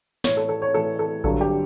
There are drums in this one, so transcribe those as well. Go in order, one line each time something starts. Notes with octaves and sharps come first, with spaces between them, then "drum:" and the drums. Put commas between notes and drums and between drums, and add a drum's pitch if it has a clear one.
A2 E3 C#5, drum: snare
A4
A4
C#5
A2 E3 A4
A4
G2 D3 F#3 A4, drum: kick A1
G4